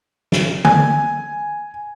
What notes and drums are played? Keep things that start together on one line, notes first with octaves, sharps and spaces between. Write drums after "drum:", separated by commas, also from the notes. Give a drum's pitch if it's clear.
drum: snare
G#5, drum: tom